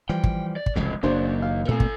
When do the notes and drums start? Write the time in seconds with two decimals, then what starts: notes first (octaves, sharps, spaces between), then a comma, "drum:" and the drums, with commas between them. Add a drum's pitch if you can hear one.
0.09 E3 F3 G3 G5
0.24 drum: kick
0.56 D5
0.66 drum: kick
0.76 F1 C#2 G#2 E3 G#3
1.03 F#1 F#2 D#3 A#3 D4 C5
1.42 F5
1.68 A#2 A3 C4 A4 G#5
1.80 drum: kick